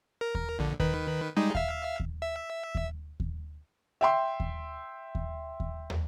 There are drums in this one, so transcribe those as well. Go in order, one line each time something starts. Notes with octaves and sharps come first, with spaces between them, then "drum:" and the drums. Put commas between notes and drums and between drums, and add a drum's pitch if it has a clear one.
A#4
drum: kick D#2
A#1 D3
D#3 B4, drum: kick D#2
G3 G#3 D#4
E5 F5, drum: kick D#2
drum: kick D#2
E5
drum: kick D#2
drum: kick D#2
E5 G5 C6
drum: kick D#2
drum: kick D#2
drum: kick D#2
drum: tom